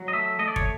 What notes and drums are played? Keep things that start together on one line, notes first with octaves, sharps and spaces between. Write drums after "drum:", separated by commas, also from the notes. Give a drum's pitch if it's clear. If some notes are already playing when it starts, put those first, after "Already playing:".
Already playing: F#3
D#5
A3 E5
A3 D#5
D5
C#5, drum: kick